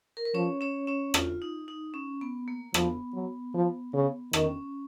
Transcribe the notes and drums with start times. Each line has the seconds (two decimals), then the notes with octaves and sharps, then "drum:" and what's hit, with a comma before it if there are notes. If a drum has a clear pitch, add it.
0.17 A#4
0.25 B4
0.34 F3 C#4 C#5
0.61 C#4 C#5
0.87 C#4 C#5
1.14 F4, drum: rim click
1.42 D#4
1.68 D#4
1.94 C#4
2.21 B3
2.48 A#3
2.74 F3 B3, drum: rim click
3.13 F#3
3.54 F3
3.93 C#3
4.33 D#3 C#4, drum: rim click